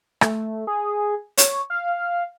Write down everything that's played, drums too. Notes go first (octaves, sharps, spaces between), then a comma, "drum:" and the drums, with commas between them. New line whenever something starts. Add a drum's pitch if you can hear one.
A3, drum: rim click
G#4
C#5, drum: hi-hat
F5